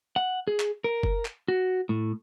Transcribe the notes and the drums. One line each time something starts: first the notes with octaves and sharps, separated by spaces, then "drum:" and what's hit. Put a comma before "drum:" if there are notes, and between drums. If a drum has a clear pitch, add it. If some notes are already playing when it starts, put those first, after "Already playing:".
F#5
G#4
drum: clap
A#4
drum: kick F#1
drum: clap
F#4
A2